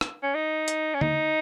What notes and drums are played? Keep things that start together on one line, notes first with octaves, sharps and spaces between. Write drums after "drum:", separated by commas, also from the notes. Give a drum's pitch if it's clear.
drum: rim click
C#4
D#4
drum: hi-hat
C#4
D#4, drum: tom D3